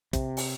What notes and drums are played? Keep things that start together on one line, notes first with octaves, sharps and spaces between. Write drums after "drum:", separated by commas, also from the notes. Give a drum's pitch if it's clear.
C3, drum: kick, hi-hat
drum: open hi-hat